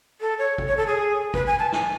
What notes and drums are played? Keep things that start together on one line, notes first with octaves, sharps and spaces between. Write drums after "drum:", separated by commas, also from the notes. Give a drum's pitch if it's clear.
A4
C#5
drum: kick
C#5
A4
G#4
B4, drum: kick
G#5
A5
G#5, drum: snare